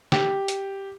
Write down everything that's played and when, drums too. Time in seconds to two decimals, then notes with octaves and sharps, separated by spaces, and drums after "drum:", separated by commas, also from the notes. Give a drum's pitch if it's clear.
0.12 G4, drum: snare
0.48 drum: hi-hat